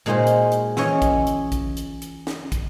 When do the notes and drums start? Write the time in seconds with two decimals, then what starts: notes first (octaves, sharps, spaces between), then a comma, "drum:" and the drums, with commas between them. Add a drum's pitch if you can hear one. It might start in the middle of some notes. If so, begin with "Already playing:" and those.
0.06 A#2 G#3 D#4 F4 F#4 C5
0.27 drum: hi-hat
0.52 drum: hi-hat
0.77 E3 C#4 F4 C#5 D#5, drum: snare
1.02 drum: kick, hi-hat
1.27 drum: hi-hat
1.52 drum: kick, hi-hat
1.77 drum: hi-hat
2.02 drum: hi-hat
2.27 drum: snare
2.52 drum: kick, hi-hat